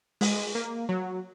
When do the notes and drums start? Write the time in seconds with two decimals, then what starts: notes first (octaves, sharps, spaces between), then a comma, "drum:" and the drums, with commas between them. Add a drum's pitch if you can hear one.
0.21 G#3, drum: open hi-hat
0.55 A#3
0.89 F#3